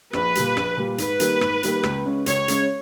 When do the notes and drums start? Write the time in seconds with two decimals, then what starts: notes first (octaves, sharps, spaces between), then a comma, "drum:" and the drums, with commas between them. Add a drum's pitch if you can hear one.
0.13 A#1 B4, drum: rim click
0.35 A#2 G3, drum: hi-hat
0.57 A#1, drum: rim click
0.77 A#2 G3
0.98 G#2 B4, drum: hi-hat
1.20 D#3 G3 A#3, drum: hi-hat
1.41 G#2, drum: rim click
1.63 D#3 G3 A#3, drum: hi-hat
1.83 C#2, drum: rim click
2.06 C#3 G#3 C#4
2.26 C#2 C#5, drum: hi-hat
2.48 C#3 G#3 C#4, drum: hi-hat